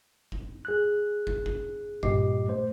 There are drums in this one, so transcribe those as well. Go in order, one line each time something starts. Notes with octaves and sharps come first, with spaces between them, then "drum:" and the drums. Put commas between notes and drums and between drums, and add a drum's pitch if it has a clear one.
drum: kick
G#4 F#6
drum: kick
drum: kick
G2 A#2 G4 D#5 D6 C7, drum: kick
A3 C5